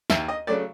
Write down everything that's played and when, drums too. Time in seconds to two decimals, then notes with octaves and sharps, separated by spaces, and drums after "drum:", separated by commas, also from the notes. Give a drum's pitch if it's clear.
0.10 D#2 E5, drum: snare
0.28 D#5
0.47 C#3 F#3 A3 D5